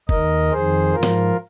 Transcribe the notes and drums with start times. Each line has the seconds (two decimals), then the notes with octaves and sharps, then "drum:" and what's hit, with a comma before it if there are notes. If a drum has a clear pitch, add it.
0.09 D#2 D#3 A#4 D#5, drum: kick F1
0.51 F2 D#3 G#4 C5
0.93 G#2 F3 F4 A#4
1.03 drum: snare